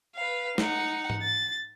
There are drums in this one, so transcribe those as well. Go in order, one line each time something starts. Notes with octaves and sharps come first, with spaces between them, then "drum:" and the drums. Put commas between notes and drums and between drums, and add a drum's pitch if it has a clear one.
B4 F5
D#4 F#5, drum: snare
drum: tom G#2
A6